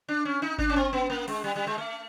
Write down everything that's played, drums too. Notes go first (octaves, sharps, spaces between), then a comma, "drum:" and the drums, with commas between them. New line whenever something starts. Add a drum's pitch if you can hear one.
D4
C#4
D#4
D4, drum: kick G#1
C#4
C4
B3
A#3
G#3, drum: cymbal
G3
G3
G#3
A3